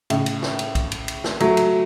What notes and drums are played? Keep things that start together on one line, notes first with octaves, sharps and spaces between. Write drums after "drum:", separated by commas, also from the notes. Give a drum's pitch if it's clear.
A2 C#3, drum: cymbal
drum: cymbal
drum: snare
drum: cymbal
drum: kick A#1, cymbal
drum: cymbal
drum: cymbal
drum: snare
F#3 A3, drum: cymbal
drum: cymbal